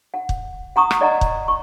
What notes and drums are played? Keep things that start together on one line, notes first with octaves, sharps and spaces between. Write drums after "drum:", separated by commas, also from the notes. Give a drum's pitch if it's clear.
F#5
drum: kick
F#5 A#5 C#6 D#6
drum: rim click
D5 D#5 F#5 A#5
drum: kick
C#6